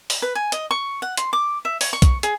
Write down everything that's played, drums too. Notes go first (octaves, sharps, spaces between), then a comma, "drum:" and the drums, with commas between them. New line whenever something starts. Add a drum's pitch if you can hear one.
drum: open hi-hat
B4
G#5
D#5, drum: hi-hat
C#6
F#5
C6, drum: hi-hat
D6
E5
C#5, drum: open hi-hat
C#6
drum: kick B1, hi-hat
G#4, drum: hi-hat